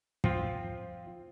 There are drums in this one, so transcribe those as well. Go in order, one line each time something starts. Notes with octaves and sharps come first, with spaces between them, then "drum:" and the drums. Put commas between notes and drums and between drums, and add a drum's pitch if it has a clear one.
F3 C4 F4, drum: kick